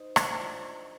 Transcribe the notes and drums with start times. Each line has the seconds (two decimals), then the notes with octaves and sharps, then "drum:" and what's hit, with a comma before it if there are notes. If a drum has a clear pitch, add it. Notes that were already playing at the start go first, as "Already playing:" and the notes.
Already playing: D#4 C5
0.16 D4, drum: rim click
0.41 F4